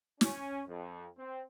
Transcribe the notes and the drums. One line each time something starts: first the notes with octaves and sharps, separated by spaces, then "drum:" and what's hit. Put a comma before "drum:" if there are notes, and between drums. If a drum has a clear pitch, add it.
C#4, drum: snare
F2
C4